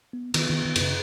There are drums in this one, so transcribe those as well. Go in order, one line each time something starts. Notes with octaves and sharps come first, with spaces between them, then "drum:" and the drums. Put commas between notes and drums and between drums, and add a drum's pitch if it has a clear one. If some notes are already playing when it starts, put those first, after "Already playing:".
B3
D#3 B3, drum: cymbal
D#3 B3
D#3
F#2, drum: cymbal
C#3